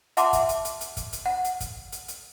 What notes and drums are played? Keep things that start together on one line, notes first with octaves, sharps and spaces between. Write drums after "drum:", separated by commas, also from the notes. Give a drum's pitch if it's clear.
E5 F#5 A5 C6 D6, drum: hi-hat
drum: kick, hi-hat
drum: hi-hat
drum: hi-hat
drum: hi-hat
drum: kick, hi-hat
drum: hi-hat
F#5
drum: hi-hat
drum: kick, hi-hat
drum: hi-hat
drum: hi-hat